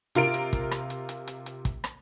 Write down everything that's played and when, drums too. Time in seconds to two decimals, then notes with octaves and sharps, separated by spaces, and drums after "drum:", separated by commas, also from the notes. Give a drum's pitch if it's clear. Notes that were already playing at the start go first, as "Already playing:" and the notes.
0.15 C3 F4 A#4 D7, drum: hi-hat
0.34 drum: hi-hat
0.53 drum: kick, hi-hat
0.71 drum: rim click
0.90 drum: hi-hat
1.09 drum: hi-hat
1.28 drum: hi-hat
1.46 drum: hi-hat
1.65 drum: kick, hi-hat
1.84 drum: rim click